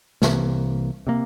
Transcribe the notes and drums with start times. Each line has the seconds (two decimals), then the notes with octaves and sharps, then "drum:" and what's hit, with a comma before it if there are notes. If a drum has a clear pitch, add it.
0.22 C2 C3 E3 A#3, drum: snare
1.07 C3 E3 A#3